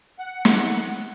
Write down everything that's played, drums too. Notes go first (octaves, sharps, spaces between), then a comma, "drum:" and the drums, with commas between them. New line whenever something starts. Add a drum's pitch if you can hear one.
F#5
drum: snare